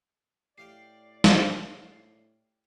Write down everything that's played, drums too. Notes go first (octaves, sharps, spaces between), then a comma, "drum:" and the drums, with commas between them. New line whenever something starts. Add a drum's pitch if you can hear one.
A2 G4 D5 F5 G5 C7
drum: snare